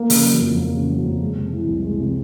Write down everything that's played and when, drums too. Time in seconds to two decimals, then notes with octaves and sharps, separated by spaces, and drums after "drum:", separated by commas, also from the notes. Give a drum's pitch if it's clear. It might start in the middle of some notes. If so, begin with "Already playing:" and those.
Already playing: A#3
0.10 C#3, drum: open hi-hat
0.25 F#3
0.41 F2
0.57 A#3
0.73 C#3
0.89 F#3
1.05 F2
1.21 G#3
1.37 C3
1.52 E3
1.68 C2
1.84 G#3
2.00 C3